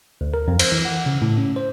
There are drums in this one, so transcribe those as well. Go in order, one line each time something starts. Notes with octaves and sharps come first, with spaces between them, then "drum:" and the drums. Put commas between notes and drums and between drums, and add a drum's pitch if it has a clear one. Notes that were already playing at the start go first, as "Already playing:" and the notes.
D2
A#4
F2
C5, drum: cymbal
E3
F#5
C#3
A2
C#4
C5